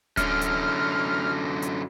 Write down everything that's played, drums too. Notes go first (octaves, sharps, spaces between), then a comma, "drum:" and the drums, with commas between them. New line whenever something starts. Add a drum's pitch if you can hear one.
F#2 D3 F6, drum: kick D1, hi-hat
drum: hi-hat
drum: hi-hat